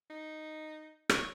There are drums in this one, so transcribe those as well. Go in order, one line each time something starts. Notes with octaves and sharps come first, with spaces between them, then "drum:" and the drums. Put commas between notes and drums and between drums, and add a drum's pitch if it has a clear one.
D#4
C#5, drum: rim click